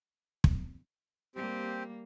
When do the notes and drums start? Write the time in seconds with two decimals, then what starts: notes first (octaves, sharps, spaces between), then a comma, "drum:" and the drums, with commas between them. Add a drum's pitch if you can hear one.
0.44 drum: kick
1.36 G3 A#3 C4 G4